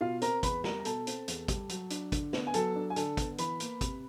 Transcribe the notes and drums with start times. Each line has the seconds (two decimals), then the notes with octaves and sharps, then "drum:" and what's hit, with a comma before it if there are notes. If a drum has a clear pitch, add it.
0.01 B2 F4 F5
0.22 C4 A#4 A#5, drum: hi-hat
0.43 E2 B4 B5, drum: kick, hi-hat
0.64 G3 A#4 A#5, drum: snare
0.80 A#5
0.85 B2 A4 A5, drum: hi-hat
1.07 C4, drum: hi-hat
1.28 E2, drum: hi-hat
1.48 G3, drum: kick, hi-hat
1.69 F#3, drum: hi-hat
1.90 D4, drum: hi-hat
2.12 D3, drum: kick, hi-hat
2.33 B3, drum: snare
2.47 G#5
2.54 F#3 A4 A5, drum: hi-hat
2.75 D4
2.90 G#5
2.96 D3 A4 A5, drum: hi-hat
3.17 B3, drum: kick, hi-hat
3.38 E3 B4 B5, drum: hi-hat
3.60 A#3, drum: hi-hat
3.81 C3, drum: kick, hi-hat